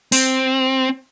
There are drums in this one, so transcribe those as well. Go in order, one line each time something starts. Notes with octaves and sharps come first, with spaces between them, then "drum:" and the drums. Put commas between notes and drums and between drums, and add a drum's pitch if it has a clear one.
C4, drum: open hi-hat